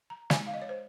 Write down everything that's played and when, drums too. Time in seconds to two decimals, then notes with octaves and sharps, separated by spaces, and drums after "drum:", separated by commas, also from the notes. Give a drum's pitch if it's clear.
0.10 A#5
0.30 G#3 D#4 G#5, drum: snare
0.47 F5
0.54 D#5
0.62 C#5
0.69 C5